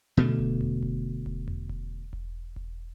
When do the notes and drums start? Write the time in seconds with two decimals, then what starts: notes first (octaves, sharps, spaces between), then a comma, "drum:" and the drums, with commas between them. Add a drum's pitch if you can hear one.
0.17 B2 D3 A3
0.39 drum: kick E1
0.61 drum: tom E2
0.82 drum: kick E1
1.26 drum: kick E1
1.48 drum: tom E2
1.69 drum: kick E1
2.13 drum: kick E1
2.56 drum: kick E1